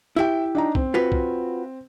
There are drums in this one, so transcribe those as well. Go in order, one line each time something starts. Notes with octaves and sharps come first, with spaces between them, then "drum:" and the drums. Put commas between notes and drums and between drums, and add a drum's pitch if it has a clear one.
E4 G4 E5 G5
D4 D#4 A#5
C4, drum: kick B1
F4 F#4 B4
drum: kick B1